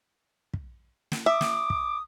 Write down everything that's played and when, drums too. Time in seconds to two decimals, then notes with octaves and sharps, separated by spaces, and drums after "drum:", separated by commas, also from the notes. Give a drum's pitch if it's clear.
0.54 drum: kick
1.12 drum: snare
1.26 E5 D6 D#6
1.41 drum: snare
1.70 drum: kick